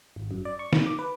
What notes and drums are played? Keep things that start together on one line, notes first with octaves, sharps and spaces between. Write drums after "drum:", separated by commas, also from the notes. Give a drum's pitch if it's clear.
G#1
F#2
D5
C#6
D#3, drum: snare
D6
B4